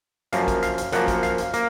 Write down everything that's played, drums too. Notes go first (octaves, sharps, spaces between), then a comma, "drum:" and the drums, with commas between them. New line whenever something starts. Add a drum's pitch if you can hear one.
F#2 F3 A#3 F5, drum: hi-hat
drum: kick, hi-hat
F5, drum: hi-hat
drum: hi-hat
F#2 F3 A#3 F#5, drum: hi-hat
drum: kick, hi-hat
F5, drum: hi-hat
drum: hi-hat
A#3, drum: hi-hat